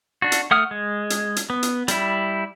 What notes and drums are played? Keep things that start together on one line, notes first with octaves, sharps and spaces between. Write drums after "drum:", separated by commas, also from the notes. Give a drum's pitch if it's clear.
D4 F#4
drum: hi-hat
A3 F#5 D#6 F6
G#3
drum: hi-hat
drum: hi-hat
B3
drum: hi-hat
G3 E4, drum: hi-hat